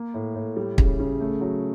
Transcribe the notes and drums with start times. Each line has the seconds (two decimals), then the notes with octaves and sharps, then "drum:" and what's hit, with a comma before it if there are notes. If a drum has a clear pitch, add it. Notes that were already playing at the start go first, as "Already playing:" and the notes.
Already playing: A#3
0.14 A2
0.35 A2
0.56 G3
0.78 C#3, drum: kick
0.99 C#3
1.21 A3
1.41 F#3